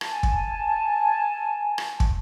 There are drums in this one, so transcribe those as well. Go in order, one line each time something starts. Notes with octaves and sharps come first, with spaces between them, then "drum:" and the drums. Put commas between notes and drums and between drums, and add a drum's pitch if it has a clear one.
G#5 A5, drum: rim click
drum: kick
drum: rim click
drum: kick